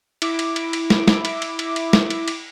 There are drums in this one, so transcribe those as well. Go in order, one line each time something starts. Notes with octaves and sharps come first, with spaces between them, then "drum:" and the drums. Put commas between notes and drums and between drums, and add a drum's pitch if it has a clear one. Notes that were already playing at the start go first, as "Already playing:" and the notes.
E4 D6, drum: cymbal
drum: cymbal
drum: cymbal
drum: cymbal
drum: snare
drum: snare
drum: cymbal
drum: cymbal
drum: cymbal
drum: cymbal
drum: snare
drum: cymbal
drum: cymbal